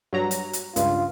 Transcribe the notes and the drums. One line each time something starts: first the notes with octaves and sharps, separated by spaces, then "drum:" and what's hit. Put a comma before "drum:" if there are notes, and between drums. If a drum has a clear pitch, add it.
G2 F#3 A#5
drum: hi-hat
drum: hi-hat
C#2 G2 F4, drum: hi-hat